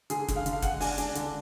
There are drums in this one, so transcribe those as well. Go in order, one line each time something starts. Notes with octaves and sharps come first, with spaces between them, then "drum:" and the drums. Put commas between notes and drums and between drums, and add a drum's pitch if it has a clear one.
D3 G#4, drum: hi-hat
D3, drum: kick F#1, hi-hat
F5
D3, drum: hi-hat
F5
G#3 F#5, drum: kick F#1, hi-hat
D4 G#5, drum: open hi-hat
D4 G#5, drum: hi-hat
D3, drum: hi-hat